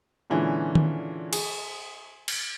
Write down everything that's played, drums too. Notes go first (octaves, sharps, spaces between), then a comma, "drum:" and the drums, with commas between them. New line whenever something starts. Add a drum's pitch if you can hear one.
A#2 D3 E3 G#3 C#4
drum: tom D#3
G#4, drum: cymbal
drum: cymbal